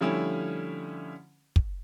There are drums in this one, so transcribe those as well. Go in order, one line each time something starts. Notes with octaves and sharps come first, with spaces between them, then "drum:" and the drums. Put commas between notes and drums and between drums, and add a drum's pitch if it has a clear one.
D3 F3 G3 A3 C#4 E4
drum: kick